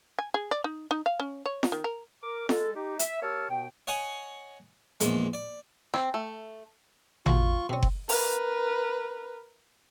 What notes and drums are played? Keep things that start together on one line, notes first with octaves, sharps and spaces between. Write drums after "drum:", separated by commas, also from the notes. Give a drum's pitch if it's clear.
G#5
G#4
D5
D#4
D#4
F5
C#4
C#5
drum: snare F4
D#3
A#4
A#4 D6
G#3 A4, drum: snare F4
D#4 G4
E5, drum: hi-hat
A#3 G4 C#5 A5 E6 F6
D#2 B2 B3 G5
C#5 D#5 F#5 G#5 C#6
A#1 E2 G#3, drum: hi-hat
D5
C4, drum: rim click
A3
D#2 F4 F#4 C#6, drum: tom A1
B2 C4 C#4
drum: kick F#1
A#4 B4, drum: open hi-hat